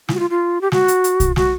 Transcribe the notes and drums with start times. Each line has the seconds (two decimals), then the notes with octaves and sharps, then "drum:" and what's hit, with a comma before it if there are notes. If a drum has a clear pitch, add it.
0.09 E4, drum: snare
0.14 F#4
0.19 F4
0.30 F4
0.61 G4
0.72 F#4, drum: snare
0.88 drum: hi-hat
1.04 drum: hi-hat
1.20 drum: kick, hi-hat
1.36 F#4, drum: snare